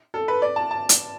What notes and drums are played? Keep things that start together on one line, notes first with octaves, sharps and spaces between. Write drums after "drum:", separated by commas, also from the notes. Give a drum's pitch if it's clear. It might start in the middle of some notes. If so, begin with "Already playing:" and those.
A4
B4
D5
A5
A5
drum: hi-hat